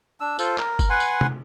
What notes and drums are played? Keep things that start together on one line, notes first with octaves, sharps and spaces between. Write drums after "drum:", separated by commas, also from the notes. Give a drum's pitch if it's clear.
D4 E6
F4 A4 C5, drum: tambourine
A#4, drum: clap
drum: kick G1, tambourine
B4 F#5 G#5 C6
drum: tambourine
drum: tom